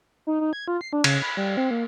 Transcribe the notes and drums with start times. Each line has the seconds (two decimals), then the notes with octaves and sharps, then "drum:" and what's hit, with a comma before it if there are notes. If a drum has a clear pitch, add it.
0.27 D#4
0.41 D#4
0.53 G#6
0.68 F4
0.81 C7
0.93 D4
1.04 C#3, drum: cymbal
1.22 B5
1.37 G3
1.57 C4
1.71 A#3